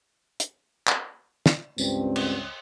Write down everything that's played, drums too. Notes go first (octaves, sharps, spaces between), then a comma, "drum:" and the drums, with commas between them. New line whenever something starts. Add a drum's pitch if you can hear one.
drum: hi-hat
drum: clap
drum: snare
C#2 G2 C4, drum: tambourine
drum: cymbal